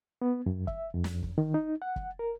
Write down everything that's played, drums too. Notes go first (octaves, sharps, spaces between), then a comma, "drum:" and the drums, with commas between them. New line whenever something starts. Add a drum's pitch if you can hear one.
B3
F#2
E5, drum: kick
F2
drum: snare
drum: kick
D#3
D#4
F#5
drum: kick
A#4